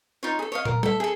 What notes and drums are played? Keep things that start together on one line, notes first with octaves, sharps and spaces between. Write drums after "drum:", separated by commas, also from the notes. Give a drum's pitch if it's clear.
D#4 F4 C#5
G#4 A4
C#5 D#5 F5
A#4, drum: tom
A4 E5, drum: tom G3
G#4 A4